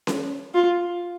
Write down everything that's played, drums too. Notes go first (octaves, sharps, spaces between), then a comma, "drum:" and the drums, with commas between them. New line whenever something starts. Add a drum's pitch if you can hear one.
drum: snare C#4
F4